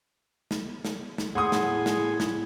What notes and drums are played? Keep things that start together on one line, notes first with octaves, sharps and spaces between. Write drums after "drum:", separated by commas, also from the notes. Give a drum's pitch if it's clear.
drum: snare
drum: snare
drum: snare
A2 G#4 F#5 C6 D#6
drum: snare
drum: snare
drum: snare